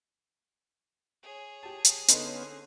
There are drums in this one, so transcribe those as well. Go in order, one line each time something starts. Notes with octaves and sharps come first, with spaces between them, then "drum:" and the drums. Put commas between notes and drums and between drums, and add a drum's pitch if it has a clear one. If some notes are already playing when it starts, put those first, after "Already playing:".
G#4 C#5
G4 A5
drum: hi-hat
D3 B3 C#4 D#4 C5, drum: hi-hat